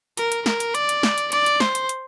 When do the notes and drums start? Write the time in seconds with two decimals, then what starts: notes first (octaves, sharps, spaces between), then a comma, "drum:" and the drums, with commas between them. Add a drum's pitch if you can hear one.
0.17 A#4, drum: hi-hat
0.32 drum: hi-hat
0.46 A#4, drum: snare
0.60 drum: hi-hat
0.75 D5, drum: hi-hat
0.89 drum: hi-hat
1.03 drum: snare
1.18 drum: hi-hat
1.32 D5, drum: hi-hat
1.46 drum: hi-hat
1.60 C5, drum: snare
1.75 drum: hi-hat
1.89 drum: hi-hat